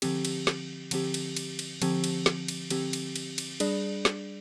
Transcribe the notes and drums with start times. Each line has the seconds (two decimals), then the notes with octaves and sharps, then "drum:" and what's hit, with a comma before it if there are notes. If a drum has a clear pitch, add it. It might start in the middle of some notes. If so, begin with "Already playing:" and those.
0.02 D3 F3 C4 G4, drum: cymbal
0.25 drum: cymbal
0.47 drum: snare
0.91 D3 F3 C4 G4, drum: cymbal
1.14 drum: cymbal
1.37 drum: cymbal
1.59 drum: cymbal
1.82 D3 F3 C4 G4, drum: cymbal
2.04 drum: cymbal
2.26 drum: snare
2.48 drum: cymbal
2.70 D3 F3 C4 G4, drum: cymbal
2.93 drum: cymbal
3.16 drum: cymbal
3.38 drum: cymbal
3.60 G3 D4 G#4 D5, drum: cymbal
4.05 drum: snare